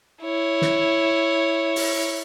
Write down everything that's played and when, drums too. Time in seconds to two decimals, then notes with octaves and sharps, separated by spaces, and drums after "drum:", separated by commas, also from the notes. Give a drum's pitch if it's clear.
0.23 E4 C#5
0.62 drum: snare
1.76 drum: open hi-hat